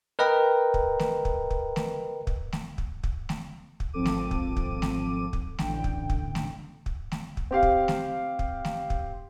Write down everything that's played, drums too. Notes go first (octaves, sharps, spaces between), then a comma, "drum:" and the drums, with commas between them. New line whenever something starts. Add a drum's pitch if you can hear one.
A#4 B4 D#5 G5 A#5
drum: kick
drum: snare A3
drum: kick
drum: kick
drum: snare A3
drum: kick
drum: snare A3
drum: kick
drum: kick
drum: snare A3
drum: kick
G#1 F3 C4 A4 D6 D#7
drum: snare A3
drum: kick
drum: kick
drum: snare A3
drum: kick
A1 D3 G5, drum: snare A3
drum: kick
drum: kick
drum: snare A3
drum: kick
drum: snare A3
drum: kick
C4 G4 F5
drum: kick
drum: snare A3
drum: kick
drum: snare A3
drum: kick